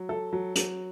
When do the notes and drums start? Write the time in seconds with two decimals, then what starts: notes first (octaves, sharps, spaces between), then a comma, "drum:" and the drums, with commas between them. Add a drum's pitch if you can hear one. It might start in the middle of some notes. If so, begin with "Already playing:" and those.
Already playing: F#3
0.09 A4
0.33 F#3
0.55 F#3, drum: hi-hat